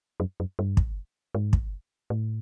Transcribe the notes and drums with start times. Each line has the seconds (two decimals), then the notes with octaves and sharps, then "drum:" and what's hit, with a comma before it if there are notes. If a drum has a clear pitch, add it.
0.20 F#2
0.40 F#2
0.59 G2
0.77 drum: kick
1.35 G#2
1.53 drum: kick
2.10 A2